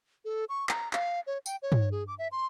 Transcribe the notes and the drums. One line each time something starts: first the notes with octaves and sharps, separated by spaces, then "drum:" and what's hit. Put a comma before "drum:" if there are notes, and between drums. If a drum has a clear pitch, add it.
A4
C#6
A#5, drum: clap
F5, drum: clap
C#5
G5, drum: tambourine
C#5
drum: tom
G#4
D6
E5
C6